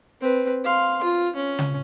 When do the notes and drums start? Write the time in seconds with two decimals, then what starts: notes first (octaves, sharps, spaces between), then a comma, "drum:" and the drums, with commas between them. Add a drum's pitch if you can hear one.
0.21 C4 B4
0.64 F5 C6
1.04 F4
1.36 C#4
1.59 drum: tom C#3